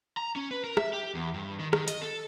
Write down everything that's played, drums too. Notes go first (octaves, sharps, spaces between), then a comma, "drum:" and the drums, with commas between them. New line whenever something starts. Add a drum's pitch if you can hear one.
A#5
C#4
B4
A#4
E5, drum: rim click
G4
E2
G2
D#3
D#3, drum: rim click
D#5, drum: hi-hat
A4